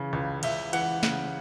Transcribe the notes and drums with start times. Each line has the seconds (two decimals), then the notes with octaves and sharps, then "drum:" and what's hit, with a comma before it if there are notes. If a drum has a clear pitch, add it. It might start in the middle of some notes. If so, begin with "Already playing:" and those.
Already playing: C#3 E3
0.13 C#2
0.43 C#2 E5, drum: cymbal
0.73 E3 F#5, drum: cymbal
1.03 C#3 F#5, drum: snare